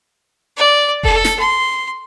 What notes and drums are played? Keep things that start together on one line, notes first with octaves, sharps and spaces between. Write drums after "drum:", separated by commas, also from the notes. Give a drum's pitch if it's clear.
D5
A4, drum: kick F1
drum: snare
C6